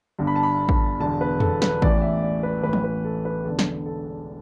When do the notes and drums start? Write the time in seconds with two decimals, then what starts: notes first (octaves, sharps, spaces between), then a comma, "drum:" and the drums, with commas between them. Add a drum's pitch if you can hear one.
0.19 G1 G2 D3
0.27 B5
0.36 A5
0.43 B5
0.69 drum: kick A1
0.99 E1 E2 D3 A5
1.21 B4
1.40 A4, drum: tom
1.62 B4, drum: snare
1.82 A1 A2 E3 D5, drum: kick A1
2.02 E5
2.23 D5
2.43 B4
2.63 A1 A2 E3 B4
2.73 drum: tom
2.84 B4
3.05 A4
3.25 B4
3.45 E1 E2 D3 A4
3.59 drum: snare
3.86 A4